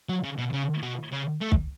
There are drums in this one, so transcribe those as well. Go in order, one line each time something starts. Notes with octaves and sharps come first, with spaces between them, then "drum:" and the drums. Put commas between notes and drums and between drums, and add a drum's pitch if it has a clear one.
F#3
C#3
B2
C#3
B2
C#3
A3
drum: kick